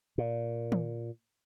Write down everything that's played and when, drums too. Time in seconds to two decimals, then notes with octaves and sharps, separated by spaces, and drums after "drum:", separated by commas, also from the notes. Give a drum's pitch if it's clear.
0.18 A#2
0.72 drum: tom